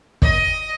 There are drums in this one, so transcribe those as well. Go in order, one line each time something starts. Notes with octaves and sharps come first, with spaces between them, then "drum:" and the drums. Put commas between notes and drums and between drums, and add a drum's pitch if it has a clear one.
D#5, drum: kick